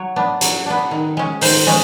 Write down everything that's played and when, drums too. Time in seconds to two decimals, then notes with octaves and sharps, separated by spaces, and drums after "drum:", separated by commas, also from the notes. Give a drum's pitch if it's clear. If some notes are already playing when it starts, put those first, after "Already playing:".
Already playing: F#3 C#5
0.16 B3 D4
0.41 F#3, drum: hi-hat
0.66 B3 D4
0.91 D#3
1.17 G#3 C#4
1.41 D#3 C5, drum: open hi-hat
1.67 G#3 C#4